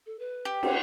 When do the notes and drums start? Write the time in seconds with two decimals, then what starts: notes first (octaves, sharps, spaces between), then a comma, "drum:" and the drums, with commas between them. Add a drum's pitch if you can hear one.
0.06 A4
0.19 B4
0.45 G4
0.63 F#5, drum: cymbal